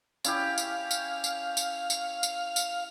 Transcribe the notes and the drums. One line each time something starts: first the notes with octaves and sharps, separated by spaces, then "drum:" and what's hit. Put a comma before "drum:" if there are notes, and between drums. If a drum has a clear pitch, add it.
C#4 E4 G4 F5, drum: tambourine
drum: tambourine
drum: tambourine
drum: tambourine
drum: tambourine
drum: tambourine
drum: tambourine
drum: tambourine